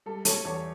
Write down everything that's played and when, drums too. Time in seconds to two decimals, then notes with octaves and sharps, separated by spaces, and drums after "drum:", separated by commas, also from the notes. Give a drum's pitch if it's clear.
0.06 G3 A4
0.25 A4 C#5, drum: hi-hat
0.45 E2 A4 C#5